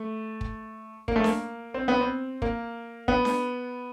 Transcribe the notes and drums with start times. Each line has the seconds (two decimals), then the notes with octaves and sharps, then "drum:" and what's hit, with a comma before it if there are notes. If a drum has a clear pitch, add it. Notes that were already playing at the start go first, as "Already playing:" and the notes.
Already playing: A3
0.41 drum: kick
1.08 A#3, drum: kick
1.16 A3
1.24 A#3, drum: snare D4
1.74 C4
1.88 B3
2.01 C4
2.42 A#3, drum: kick
3.08 B3, drum: kick
3.25 drum: snare D4